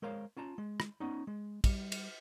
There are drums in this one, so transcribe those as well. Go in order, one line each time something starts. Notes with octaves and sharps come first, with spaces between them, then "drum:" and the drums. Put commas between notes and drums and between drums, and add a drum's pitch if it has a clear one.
G#3 A#4 C5 C#5 F5
C#4 F4 A5 A#5
G#3
drum: rim click
B3 C#4 D#4
G#3
G3, drum: kick, cymbal
drum: cymbal